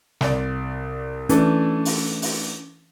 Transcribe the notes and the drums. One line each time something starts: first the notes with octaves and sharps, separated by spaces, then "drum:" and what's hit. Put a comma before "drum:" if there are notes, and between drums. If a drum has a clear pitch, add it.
C2 D5, drum: snare
E3 A3 C#4 D4, drum: hi-hat
drum: open hi-hat
drum: open hi-hat